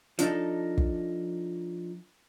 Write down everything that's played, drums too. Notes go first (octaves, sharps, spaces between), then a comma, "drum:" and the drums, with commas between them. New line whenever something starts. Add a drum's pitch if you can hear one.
F3 D4 D#4 A4, drum: hi-hat
drum: kick